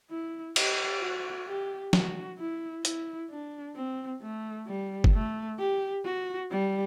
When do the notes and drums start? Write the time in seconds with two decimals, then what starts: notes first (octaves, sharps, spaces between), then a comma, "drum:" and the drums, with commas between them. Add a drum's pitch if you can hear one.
0.10 E4
0.56 G4, drum: cymbal
1.02 F#4
1.47 G4
1.93 F#4, drum: snare
2.38 E4
2.85 E4, drum: hi-hat
3.30 D4
3.75 C4
4.22 A3
4.67 G3
5.04 drum: kick F#1
5.14 A3
5.59 G4
6.05 F#4
6.51 G3